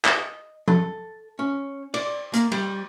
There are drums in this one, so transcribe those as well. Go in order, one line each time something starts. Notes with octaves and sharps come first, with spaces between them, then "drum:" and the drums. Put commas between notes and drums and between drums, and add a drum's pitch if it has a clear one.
D#5, drum: clap
A4, drum: tom F3
C#4
D5, drum: cymbal
A#3, drum: hi-hat
G3, drum: cymbal